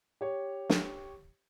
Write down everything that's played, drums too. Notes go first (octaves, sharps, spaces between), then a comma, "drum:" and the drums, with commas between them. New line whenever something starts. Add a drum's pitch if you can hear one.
G4 C#5
drum: snare